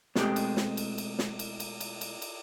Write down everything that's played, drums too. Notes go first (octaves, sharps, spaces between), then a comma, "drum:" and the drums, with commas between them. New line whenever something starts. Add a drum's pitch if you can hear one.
B2 G#3 A3 C4 G4, drum: snare
drum: cymbal
drum: snare
drum: cymbal
drum: cymbal
drum: snare
drum: cymbal
drum: cymbal
drum: cymbal
drum: cymbal
drum: cymbal